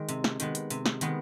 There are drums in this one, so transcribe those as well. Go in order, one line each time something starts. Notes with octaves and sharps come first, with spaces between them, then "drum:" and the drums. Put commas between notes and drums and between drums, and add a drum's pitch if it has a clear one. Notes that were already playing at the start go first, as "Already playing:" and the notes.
Already playing: D#3 G#3
C3, drum: hi-hat
drum: snare
D#3 G#3 B3, drum: hi-hat
drum: hi-hat
C3, drum: hi-hat
drum: snare
D#3 G#3 B3, drum: hi-hat